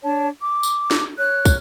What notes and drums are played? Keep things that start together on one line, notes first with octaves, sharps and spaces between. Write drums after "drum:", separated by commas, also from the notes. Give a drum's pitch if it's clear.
D4 C#5 A5
D6
drum: tambourine
drum: snare
C#5 F6 F#6
drum: kick, tambourine